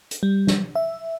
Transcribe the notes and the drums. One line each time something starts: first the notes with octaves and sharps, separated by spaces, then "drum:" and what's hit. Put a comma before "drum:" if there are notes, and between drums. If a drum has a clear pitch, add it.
drum: hi-hat
G3
drum: snare
E5